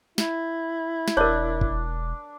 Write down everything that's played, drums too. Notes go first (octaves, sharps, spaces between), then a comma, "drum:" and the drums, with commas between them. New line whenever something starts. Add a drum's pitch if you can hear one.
E4, drum: snare
drum: snare
E1 D4 A#4 C#5
drum: kick F#1